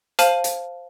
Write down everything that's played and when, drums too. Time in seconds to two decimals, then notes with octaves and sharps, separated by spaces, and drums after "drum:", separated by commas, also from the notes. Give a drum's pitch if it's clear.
0.19 C5 F5 A5 F6 D#7 F#7, drum: hi-hat
0.44 drum: hi-hat